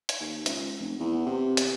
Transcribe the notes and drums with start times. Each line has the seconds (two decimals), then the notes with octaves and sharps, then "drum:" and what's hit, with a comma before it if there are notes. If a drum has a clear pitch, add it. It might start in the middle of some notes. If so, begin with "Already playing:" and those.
0.09 drum: hi-hat
0.20 D#2
0.46 C#2, drum: hi-hat
0.78 F1
0.99 E2
1.26 C3
1.57 drum: hi-hat